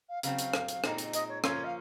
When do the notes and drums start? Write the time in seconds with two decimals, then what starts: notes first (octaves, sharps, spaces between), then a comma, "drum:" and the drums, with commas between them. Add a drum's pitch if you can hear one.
0.09 F5
0.23 C#3 F#3 C4 F5, drum: hi-hat
0.39 drum: hi-hat
0.53 drum: rim click
0.68 drum: hi-hat
0.84 A#2 G#3 C4 D#4, drum: rim click
0.98 drum: hi-hat
1.13 D#5, drum: hi-hat
1.29 C#5
1.44 F3 A#3 C#4 F4 C#5, drum: rim click
1.64 F5